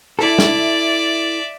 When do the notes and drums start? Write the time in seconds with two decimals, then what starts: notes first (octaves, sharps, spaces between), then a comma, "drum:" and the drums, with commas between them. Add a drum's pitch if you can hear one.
0.19 E4 A4 D5 E5
0.39 drum: snare